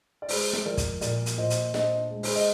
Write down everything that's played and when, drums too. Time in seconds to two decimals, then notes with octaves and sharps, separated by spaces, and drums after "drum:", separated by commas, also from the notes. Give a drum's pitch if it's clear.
0.22 D5
0.29 G#3 G#4 C5, drum: open hi-hat
0.53 drum: snare
0.65 F3 A#4 D5
0.77 drum: kick, hi-hat
1.01 A#2 A#4 D5, drum: hi-hat
1.26 drum: hi-hat
1.38 A#2 C5 D#5
1.50 drum: hi-hat
1.74 D4 C5 D#5, drum: snare
2.11 G#3
2.23 G#4 C5, drum: open hi-hat
2.36 D#5